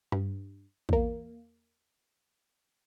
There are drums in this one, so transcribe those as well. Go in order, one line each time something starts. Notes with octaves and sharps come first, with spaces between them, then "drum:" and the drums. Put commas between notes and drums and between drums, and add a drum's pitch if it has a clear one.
G2, drum: rim click
E2 A#3, drum: kick